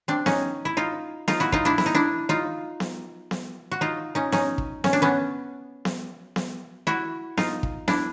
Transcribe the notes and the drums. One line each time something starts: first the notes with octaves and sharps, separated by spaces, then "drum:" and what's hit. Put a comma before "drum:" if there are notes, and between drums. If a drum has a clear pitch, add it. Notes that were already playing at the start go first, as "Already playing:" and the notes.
C4 D4
C#4 D#4, drum: snare B3
E4
D#4 F4
D#4 F4, drum: snare B3
E4 F#4
D#4 F4, drum: kick
D4 E4
E4, drum: snare B3
D#4
D4 E4
D#4 F4
drum: snare B3
drum: snare B3
F#4
D#4 F4
C#4 D#4
C#4 D#4, drum: snare B3
drum: kick
C#4, drum: snare B3
D4
B3 C#4
drum: snare B3
drum: snare B3
E4 F#4
D#4 F4, drum: snare B3
drum: kick
D4 E4, drum: snare B3